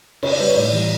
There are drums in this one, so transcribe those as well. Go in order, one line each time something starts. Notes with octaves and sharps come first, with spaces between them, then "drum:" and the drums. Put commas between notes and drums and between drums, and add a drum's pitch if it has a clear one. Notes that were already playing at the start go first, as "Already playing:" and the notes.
C#3 C#5, drum: cymbal
D5
G3 B4
C#5
A2 D5
E3 G3